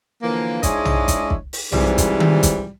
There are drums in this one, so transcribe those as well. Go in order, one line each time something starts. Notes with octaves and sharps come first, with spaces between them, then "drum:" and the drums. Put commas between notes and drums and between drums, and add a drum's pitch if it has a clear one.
D3 E3 F3 A#3
G#2 G#3 D4 E4 C#5 D#5, drum: kick, hi-hat
drum: tom
drum: kick, hi-hat
drum: kick
drum: open hi-hat
G#2 C3 E3 F3 G3, drum: tom
drum: kick, hi-hat
drum: tom D#3
drum: kick, hi-hat